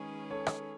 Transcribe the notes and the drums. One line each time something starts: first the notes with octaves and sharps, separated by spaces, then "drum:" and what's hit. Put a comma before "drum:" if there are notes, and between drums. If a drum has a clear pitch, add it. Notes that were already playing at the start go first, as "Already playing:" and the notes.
Already playing: D#3 G#3 C#4 G#4 B4 C#5
A4 C#5
drum: rim click